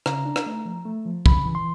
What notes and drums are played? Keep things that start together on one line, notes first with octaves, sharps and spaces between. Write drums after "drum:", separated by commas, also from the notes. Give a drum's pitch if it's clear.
C#3 A#5, drum: rim click
D4
drum: rim click
A3
F3
A3
F3
C#3 B5, drum: kick
E3
C6